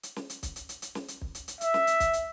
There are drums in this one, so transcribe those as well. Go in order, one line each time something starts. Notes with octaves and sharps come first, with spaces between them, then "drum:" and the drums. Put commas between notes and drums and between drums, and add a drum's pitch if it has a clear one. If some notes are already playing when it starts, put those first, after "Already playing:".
drum: hi-hat
drum: snare
drum: hi-hat
drum: kick, hi-hat
drum: hi-hat
drum: hi-hat
drum: hi-hat
drum: snare
drum: hi-hat
drum: kick
drum: hi-hat
drum: hi-hat
E5, drum: hi-hat
drum: snare
drum: hi-hat
drum: kick, hi-hat
drum: hi-hat